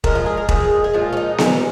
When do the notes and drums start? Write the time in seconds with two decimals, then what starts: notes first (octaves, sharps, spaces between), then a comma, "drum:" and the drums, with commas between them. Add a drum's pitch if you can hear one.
0.04 A#2 F3 G#3 A#4, drum: kick E1
0.15 F4
0.26 G#4
0.37 A#4
0.49 A#2 F3 G#3 G#4, drum: kick E1
0.84 G#4
0.93 A#2 F3 G#3 F4
1.13 C#4
1.17 D#4
1.38 A#2 F3 G#3 C#4, drum: snare B3